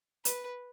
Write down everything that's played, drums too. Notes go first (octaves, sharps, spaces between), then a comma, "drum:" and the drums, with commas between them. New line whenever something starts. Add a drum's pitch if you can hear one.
B4, drum: hi-hat